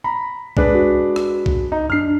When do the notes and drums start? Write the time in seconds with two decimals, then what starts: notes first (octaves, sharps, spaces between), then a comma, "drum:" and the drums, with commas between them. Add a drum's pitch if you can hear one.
0.04 A#5 B5
0.57 G#3 D4 B4, drum: kick B1
0.75 F#4
1.16 drum: rim click
1.46 drum: kick B1
1.72 D#4
1.90 F#2 D4 F6 C7